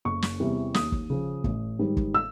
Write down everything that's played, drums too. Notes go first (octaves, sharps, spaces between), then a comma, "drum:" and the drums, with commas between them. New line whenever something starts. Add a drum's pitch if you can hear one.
F#1 C#6
drum: snare
E2 C3 E3 G3
D#2 D#6, drum: snare
drum: kick
C#3 F3
A1, drum: kick
G#2 D#3 G3
drum: kick
E6